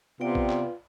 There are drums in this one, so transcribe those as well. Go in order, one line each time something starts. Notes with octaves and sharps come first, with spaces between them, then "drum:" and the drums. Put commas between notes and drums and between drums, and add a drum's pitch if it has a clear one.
C3 B3 F4 D5 G5
drum: kick
drum: clap